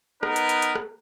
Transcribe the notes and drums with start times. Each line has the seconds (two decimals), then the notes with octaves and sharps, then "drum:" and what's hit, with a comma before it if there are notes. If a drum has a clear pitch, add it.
0.23 B3 D#4 A#4 B4, drum: rim click
0.36 drum: hi-hat
0.49 drum: hi-hat
0.62 drum: hi-hat
0.75 drum: rim click